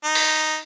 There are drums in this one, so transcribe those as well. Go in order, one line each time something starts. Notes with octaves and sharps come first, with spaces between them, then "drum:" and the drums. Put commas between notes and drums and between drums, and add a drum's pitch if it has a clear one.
D#4
drum: open hi-hat